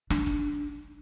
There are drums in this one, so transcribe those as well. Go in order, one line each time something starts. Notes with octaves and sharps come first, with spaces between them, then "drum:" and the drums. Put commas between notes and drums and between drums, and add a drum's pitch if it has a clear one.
D4, drum: rim click
drum: kick